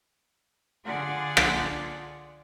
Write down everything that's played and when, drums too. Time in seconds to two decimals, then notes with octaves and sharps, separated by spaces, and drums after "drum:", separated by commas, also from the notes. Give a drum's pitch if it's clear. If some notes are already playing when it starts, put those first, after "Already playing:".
0.86 D3 F4 G#4 D5 F#5 C6
1.37 drum: rim click